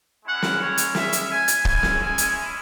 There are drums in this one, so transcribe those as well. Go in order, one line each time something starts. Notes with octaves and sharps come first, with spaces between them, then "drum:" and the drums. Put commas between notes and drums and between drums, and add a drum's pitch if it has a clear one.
G#3 C#4 E4 F#5
drum: snare
C#5
drum: hi-hat
E5, drum: snare
drum: hi-hat
G#5
drum: hi-hat
G#3 C#4 E4 G#5, drum: kick
drum: snare
G#5
drum: hi-hat